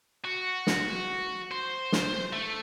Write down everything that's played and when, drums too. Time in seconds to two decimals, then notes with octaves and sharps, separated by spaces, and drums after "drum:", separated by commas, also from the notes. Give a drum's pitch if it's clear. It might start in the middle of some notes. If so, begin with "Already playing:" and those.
0.25 F#4
0.67 drum: snare
1.51 C5
1.92 drum: snare
2.33 A3